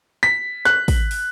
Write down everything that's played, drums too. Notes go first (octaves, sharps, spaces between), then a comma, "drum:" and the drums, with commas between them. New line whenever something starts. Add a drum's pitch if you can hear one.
B6
F#6, drum: snare
drum: kick, open hi-hat
drum: open hi-hat